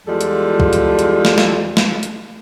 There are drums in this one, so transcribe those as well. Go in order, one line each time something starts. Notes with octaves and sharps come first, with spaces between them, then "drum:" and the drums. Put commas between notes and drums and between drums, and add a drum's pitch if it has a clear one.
E2 F3 G3 G#3 F4 A4
drum: hi-hat
drum: kick
drum: hi-hat
drum: hi-hat
drum: snare
drum: snare
drum: snare
drum: hi-hat